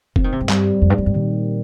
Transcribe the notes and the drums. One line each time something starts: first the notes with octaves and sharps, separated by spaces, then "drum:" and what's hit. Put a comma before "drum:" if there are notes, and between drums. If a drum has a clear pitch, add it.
F3 C4, drum: kick F1
D#3
C3
G2
G3, drum: clap
F2
G2
F2
G2
A#2 D#3